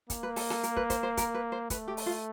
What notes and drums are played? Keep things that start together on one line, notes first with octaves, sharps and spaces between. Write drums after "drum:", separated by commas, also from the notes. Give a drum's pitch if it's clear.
A#3, drum: kick, hi-hat
B4
A4, drum: open hi-hat
A4, drum: rim click
A#4, drum: hi-hat
B4, drum: kick
C5, drum: kick, hi-hat
C5
A#4, drum: kick, hi-hat
B4
C5
A3 B4, drum: kick, hi-hat
G4
drum: open hi-hat
F4